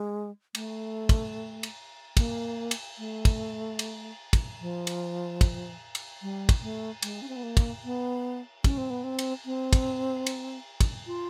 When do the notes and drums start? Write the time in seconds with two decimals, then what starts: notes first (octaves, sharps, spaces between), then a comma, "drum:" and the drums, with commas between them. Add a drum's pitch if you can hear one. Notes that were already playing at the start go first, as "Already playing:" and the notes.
Already playing: G#3
0.55 A3, drum: cymbal
1.09 drum: kick, cymbal
1.63 drum: cymbal
2.17 A#3, drum: kick, cymbal
2.71 drum: cymbal
2.98 A3
3.25 drum: kick, cymbal
3.79 drum: cymbal
4.33 drum: kick, cymbal
4.61 F3
4.87 drum: cymbal
5.41 drum: kick, cymbal
5.95 drum: cymbal
6.22 G3
6.49 drum: kick, cymbal
6.62 A3
7.02 G#3, drum: cymbal
7.22 C#4
7.29 C4
7.36 B3
7.43 A#3
7.57 drum: kick, cymbal
7.84 B3
8.64 C#4, drum: kick, cymbal
8.78 C4
8.90 B3
9.04 C4
9.19 drum: cymbal
9.45 C4
9.73 drum: kick, cymbal
10.27 drum: cymbal
10.80 drum: kick, cymbal
11.07 F4